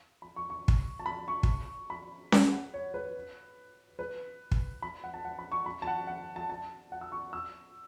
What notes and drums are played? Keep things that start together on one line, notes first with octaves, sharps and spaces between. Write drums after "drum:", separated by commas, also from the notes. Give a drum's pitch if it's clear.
B5
C#6
C#6
drum: kick
A5
B5
C#6
drum: kick
B5
B5, drum: snare C#4
F#5
C#5
B4
B4
drum: kick
B5
F#5
A5
F#5
B5
C#6
B5
A5
F#5
F#5
A5
A5
F#5
E6
C#6
E6